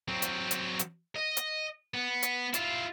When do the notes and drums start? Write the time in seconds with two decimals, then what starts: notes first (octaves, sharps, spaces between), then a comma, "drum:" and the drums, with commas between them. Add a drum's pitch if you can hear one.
0.08 F#3 C4
0.22 drum: hi-hat
0.51 drum: hi-hat
0.79 drum: hi-hat
1.16 D#5
1.37 drum: hi-hat
1.94 B3
2.23 drum: hi-hat
2.54 E4 F4, drum: hi-hat